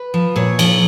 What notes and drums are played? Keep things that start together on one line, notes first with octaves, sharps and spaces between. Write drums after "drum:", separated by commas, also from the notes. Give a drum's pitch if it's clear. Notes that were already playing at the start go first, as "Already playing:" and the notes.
Already playing: B4
F3
A#2 C#5
F3, drum: cymbal